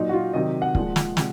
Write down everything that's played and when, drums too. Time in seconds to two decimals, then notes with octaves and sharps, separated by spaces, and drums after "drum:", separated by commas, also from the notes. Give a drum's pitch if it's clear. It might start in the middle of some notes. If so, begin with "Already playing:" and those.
Already playing: A#2 F#3 D#4
0.09 F#4
0.13 F4
0.33 C3 D#3 F#3 D#5
0.62 F#5
0.75 A#2 F3 G#3, drum: kick
0.96 drum: snare
1.17 C3 F3 G#3, drum: snare